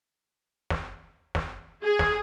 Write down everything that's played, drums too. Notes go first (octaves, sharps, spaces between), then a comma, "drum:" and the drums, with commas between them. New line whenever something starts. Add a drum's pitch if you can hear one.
drum: snare
drum: snare
G#4
drum: snare